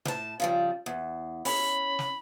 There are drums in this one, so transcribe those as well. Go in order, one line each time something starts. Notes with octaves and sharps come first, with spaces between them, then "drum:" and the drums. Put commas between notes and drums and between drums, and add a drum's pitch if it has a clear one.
A2 A5, drum: snare
C#3 F3 G3
E2
C#4 B5, drum: open hi-hat
drum: snare